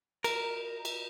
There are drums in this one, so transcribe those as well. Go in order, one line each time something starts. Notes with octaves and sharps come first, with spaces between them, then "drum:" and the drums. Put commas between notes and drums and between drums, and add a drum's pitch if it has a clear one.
A#4, drum: cymbal
drum: cymbal